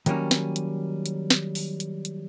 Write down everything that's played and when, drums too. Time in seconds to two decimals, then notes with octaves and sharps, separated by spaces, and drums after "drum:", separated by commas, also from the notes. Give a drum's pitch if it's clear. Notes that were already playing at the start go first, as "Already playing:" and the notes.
0.06 D#3 F#3 G3 A#3 C#4, drum: hi-hat
0.31 drum: snare
0.56 drum: hi-hat
1.06 drum: hi-hat
1.30 drum: snare
1.55 drum: open hi-hat
1.80 drum: hi-hat
2.05 drum: hi-hat